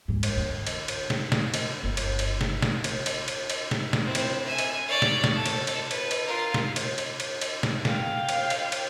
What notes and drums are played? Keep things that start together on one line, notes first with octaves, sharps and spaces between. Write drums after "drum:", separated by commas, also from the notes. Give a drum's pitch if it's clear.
D2 G#2
drum: cymbal
D3
drum: cymbal
drum: cymbal
drum: snare
drum: snare
drum: cymbal
G1 F4
drum: cymbal
drum: cymbal
drum: snare
drum: snare
drum: cymbal
drum: cymbal
drum: cymbal
drum: cymbal
drum: snare
drum: snare
C4 E4
drum: cymbal
E5 G#5
drum: cymbal
C#5 D5
drum: snare
drum: snare
A4
drum: cymbal
drum: cymbal
B4, drum: cymbal
drum: cymbal
F4 A#4
drum: snare
drum: cymbal
drum: cymbal
drum: cymbal
drum: cymbal
drum: snare
F5 G5, drum: snare
drum: cymbal
drum: cymbal
drum: cymbal